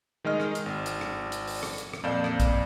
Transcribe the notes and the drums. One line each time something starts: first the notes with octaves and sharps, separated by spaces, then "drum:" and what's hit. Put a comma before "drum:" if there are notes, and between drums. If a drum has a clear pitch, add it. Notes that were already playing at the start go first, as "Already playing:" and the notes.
D#3 G#3 D#5 F6
drum: rim click
drum: hi-hat
G#1
drum: hi-hat
drum: rim click
drum: hi-hat
drum: open hi-hat
drum: rim click
drum: hi-hat
drum: rim click
F2 A#2 D5 F5 G6 E7
drum: rim click
drum: kick, hi-hat